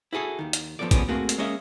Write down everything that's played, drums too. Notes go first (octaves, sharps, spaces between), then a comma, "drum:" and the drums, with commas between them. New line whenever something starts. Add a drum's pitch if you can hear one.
E4 F#4 G#4 A4
D#2 D#3
drum: hi-hat
F3 A#3 B3 A4 D5
C2 F3 G#3 B3 C#4 D5, drum: kick, hi-hat
A3 A#3 C4 F#4 G#4
drum: hi-hat
G#3 A#3 C#4 D#5 E5